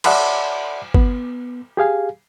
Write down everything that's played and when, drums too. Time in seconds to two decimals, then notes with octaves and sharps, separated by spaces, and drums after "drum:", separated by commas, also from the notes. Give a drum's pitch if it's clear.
0.04 D5 E5 F#5 A5 B5 C6, drum: cymbal
0.94 B3, drum: kick
1.77 G4 G#4 F5 G#5